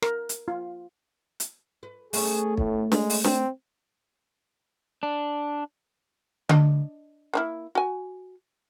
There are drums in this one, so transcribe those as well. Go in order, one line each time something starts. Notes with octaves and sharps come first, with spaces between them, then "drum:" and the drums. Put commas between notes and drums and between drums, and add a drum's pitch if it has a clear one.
A#4, drum: rim click
drum: hi-hat
F4
drum: hi-hat
B4
A3 B3 C#4 G#4, drum: open hi-hat
A2, drum: kick
G#3, drum: snare
drum: open hi-hat
C4, drum: snare
D4
D4 D#5, drum: tom D3
A#3 D#4 E4
F#4 G#5